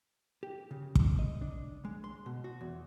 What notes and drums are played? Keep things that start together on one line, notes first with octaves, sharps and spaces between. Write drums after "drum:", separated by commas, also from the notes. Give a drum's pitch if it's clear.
G4
C#3
drum: kick
D#5
D4
G#3
C6
B2
F#4
E2